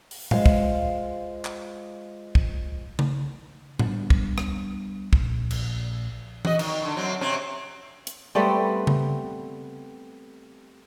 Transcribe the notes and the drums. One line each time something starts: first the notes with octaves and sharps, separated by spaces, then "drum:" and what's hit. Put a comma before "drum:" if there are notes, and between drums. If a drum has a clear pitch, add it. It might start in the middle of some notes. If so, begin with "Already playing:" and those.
drum: open hi-hat
G#3 F4 C5 F5, drum: tom A2
drum: kick
drum: clap
drum: kick
drum: tom C#3
G3 B3 D4, drum: tom A2
drum: kick
drum: rim click
A#1, drum: kick
drum: cymbal
F#4 D#5, drum: tom
D#3, drum: cymbal
D3 D#3
F#2 F#3 C4
C3 C4 C#4
drum: hi-hat
G3 A3 B3 C4
drum: tom C#3